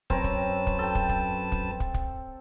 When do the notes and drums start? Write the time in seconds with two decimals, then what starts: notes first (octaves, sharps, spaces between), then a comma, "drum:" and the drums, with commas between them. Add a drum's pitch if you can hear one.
0.10 F#2 C4 A#4 B4 C#5 A5, drum: kick
0.24 drum: kick
0.67 drum: kick
0.79 A4 G5
0.95 drum: kick
1.09 drum: kick
1.52 drum: kick
1.80 drum: kick
1.94 drum: kick